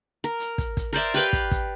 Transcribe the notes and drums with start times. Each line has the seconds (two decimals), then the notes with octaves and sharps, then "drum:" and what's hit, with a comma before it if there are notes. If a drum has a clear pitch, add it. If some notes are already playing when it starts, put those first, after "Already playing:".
0.24 A#4
0.40 drum: hi-hat
0.58 drum: kick, hi-hat
0.77 drum: kick, hi-hat
0.93 A#4 C5 D5 E5, drum: hi-hat
1.14 G4 B4 F5 G5, drum: hi-hat
1.33 drum: kick, hi-hat
1.51 drum: kick, hi-hat